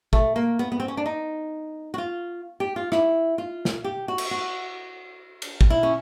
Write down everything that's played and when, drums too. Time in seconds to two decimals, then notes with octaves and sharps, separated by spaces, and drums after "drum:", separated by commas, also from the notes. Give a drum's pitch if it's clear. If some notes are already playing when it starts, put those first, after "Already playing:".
0.13 A3, drum: kick
0.36 A#3
0.59 B3
0.72 B3
0.80 C4
0.88 C#4
0.97 D4
1.06 D#4
1.94 F#4
1.98 F4
2.60 G4
2.76 F4
2.92 E4, drum: rim click
3.38 F4
3.65 drum: snare
3.84 G4
4.08 F#4
4.18 drum: cymbal
4.31 F#4
5.42 drum: cymbal
5.61 drum: kick
5.70 E4
5.83 C#4